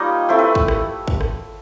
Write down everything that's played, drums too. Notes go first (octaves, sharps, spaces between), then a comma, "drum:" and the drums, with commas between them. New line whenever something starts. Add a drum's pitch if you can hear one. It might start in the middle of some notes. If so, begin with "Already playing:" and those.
Already playing: G3 A#3 D#4 F4 G4 C#5 D#5
A3 C4 E4 C5
B4
drum: kick
drum: rim click
drum: kick
drum: rim click